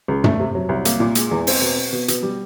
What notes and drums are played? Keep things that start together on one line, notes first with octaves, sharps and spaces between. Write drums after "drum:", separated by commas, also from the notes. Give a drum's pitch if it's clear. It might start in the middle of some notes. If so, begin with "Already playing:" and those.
C#2
A3, drum: tom
C3
F#3
C2
A#3, drum: hi-hat
A#2
G#3, drum: hi-hat
E2
C4, drum: open hi-hat
B2
B3
B2
B2, drum: hi-hat
G3